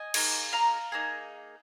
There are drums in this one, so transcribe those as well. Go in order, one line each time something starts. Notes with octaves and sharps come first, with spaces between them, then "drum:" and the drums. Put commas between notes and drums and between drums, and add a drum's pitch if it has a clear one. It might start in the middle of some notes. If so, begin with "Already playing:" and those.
Already playing: D#5 G#5
A#3 D#4 G#4, drum: cymbal
F5 A#5
A#3 D#4 G#4